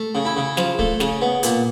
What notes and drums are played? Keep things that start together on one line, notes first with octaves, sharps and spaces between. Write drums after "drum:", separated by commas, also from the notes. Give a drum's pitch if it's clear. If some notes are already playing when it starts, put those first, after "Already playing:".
Already playing: A3
C#3
E4
C#3
F3, drum: snare
A3, drum: kick
C#3, drum: snare
B3
A#2, drum: hi-hat